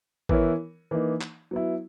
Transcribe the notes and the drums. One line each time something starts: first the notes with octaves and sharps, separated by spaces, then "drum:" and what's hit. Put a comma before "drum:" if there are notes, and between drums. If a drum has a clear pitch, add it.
E3 B3 E4 A#4 C#5, drum: kick
E3 A#3 D#4
drum: clap
F#3 B3 E4